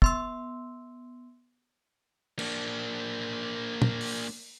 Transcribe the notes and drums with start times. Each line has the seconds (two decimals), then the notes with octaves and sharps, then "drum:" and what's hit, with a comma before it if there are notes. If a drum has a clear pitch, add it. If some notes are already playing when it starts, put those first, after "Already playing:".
0.02 B3 C6 E6, drum: kick
2.39 A#3 D4, drum: cymbal
3.82 drum: tom
4.01 drum: open hi-hat